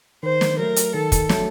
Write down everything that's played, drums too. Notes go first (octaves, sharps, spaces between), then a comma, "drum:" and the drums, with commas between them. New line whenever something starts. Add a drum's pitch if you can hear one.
D#3 C5
drum: snare
F#3 A3 A#4
drum: hi-hat
D#3 A4
drum: kick, hi-hat
F#3 A3, drum: snare